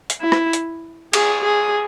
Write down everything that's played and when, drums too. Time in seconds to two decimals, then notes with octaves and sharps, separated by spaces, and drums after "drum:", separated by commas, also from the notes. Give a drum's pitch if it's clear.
0.10 drum: hi-hat
0.21 E4
0.32 drum: rim click
0.53 drum: hi-hat
1.13 G#4, drum: cymbal
1.44 G#4